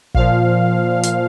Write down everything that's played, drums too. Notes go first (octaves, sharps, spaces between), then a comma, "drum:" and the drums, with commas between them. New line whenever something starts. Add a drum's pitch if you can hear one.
A#2 F3 F5, drum: kick
drum: hi-hat